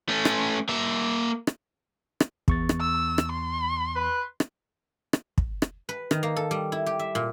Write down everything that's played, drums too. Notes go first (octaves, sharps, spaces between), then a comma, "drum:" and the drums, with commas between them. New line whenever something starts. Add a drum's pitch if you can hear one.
A3 C#4
drum: rim click
A#3 E5
drum: rim click
drum: rim click
E2 C#6 A6, drum: kick
drum: rim click
E6
drum: rim click
C6
B4
drum: rim click
drum: rim click
drum: kick
drum: rim click
B4
D#3, drum: rim click
A#3
A4
G3
E4
G4
E5
A#2